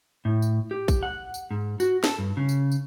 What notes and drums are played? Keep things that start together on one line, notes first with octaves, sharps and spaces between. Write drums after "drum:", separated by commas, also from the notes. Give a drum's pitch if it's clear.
A2
drum: tambourine
G4
drum: kick, tambourine
F#5
drum: tambourine
G#2
F#4, drum: tambourine
A4, drum: snare
G2
C#3
drum: tambourine
drum: tambourine